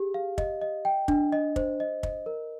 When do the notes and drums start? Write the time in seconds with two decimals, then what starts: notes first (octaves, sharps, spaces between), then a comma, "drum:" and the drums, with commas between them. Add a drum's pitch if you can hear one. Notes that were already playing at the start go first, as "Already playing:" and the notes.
Already playing: G4 G#4
0.14 F5
0.38 D#5, drum: kick
0.61 D#5
0.85 G5
1.08 D4, drum: kick
1.33 D#5
1.56 C5, drum: kick
1.80 D#5
2.03 D#5, drum: kick
2.26 A#4